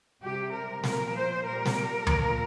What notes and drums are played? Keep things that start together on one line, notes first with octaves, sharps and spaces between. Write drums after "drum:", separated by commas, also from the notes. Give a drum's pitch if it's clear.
C3 G3 G4
A#4
A#2 F3 A#4, drum: snare
C5
A#2 G3 A#4
drum: snare
A#2 F3, drum: tom D2